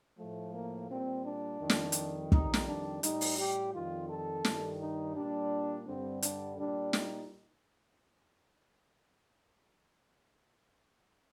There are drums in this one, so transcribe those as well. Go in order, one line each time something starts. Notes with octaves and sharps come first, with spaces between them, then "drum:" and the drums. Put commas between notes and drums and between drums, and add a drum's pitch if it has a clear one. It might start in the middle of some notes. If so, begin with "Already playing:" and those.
A2 F3 A3
A#3
A#2 G3 C4
D4
F2 D#3 G3
drum: snare
drum: hi-hat
F2 D#3 G3 D#4, drum: kick
drum: snare
D4
A2 G3 D#4, drum: hi-hat
drum: open hi-hat
G4
F2 D#3 G3 F4
A4
G2 D#3 G3, drum: snare
D#4
A#2 G3 D4
G2 D3 G3 C4
D4, drum: hi-hat
A#2 G3 D4
D#4, drum: snare